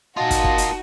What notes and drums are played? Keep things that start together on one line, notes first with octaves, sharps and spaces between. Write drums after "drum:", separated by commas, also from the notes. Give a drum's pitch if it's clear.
A#3 D#4 F4 F#4 D#5 A5 D#6
drum: kick, hi-hat
drum: kick
drum: hi-hat